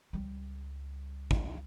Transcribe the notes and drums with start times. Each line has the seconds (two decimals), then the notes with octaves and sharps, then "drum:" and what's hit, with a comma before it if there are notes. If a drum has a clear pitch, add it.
0.13 C#2 G3
1.31 drum: kick